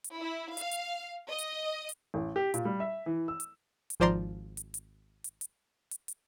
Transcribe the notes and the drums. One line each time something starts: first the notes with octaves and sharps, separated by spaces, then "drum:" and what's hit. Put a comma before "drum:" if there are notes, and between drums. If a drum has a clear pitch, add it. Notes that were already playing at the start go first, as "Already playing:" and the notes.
drum: hi-hat
E4
F5, drum: hi-hat
drum: hi-hat
D#5
drum: hi-hat
drum: hi-hat
A1
G4
A#2, drum: hi-hat
G3
E5
E3
E6
drum: hi-hat
drum: hi-hat
G#1 F3 C5 D5 A#5 C6
drum: hi-hat
drum: hi-hat
drum: hi-hat
drum: hi-hat
drum: hi-hat
drum: hi-hat